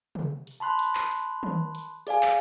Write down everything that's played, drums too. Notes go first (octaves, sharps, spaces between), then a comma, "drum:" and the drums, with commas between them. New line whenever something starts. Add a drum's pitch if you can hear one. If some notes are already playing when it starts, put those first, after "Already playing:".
drum: tom
drum: hi-hat
A5 B5 C6 F#6
drum: hi-hat
drum: clap
drum: hi-hat
drum: tom
drum: hi-hat
G#4 D5 F5 G#5, drum: hi-hat
drum: clap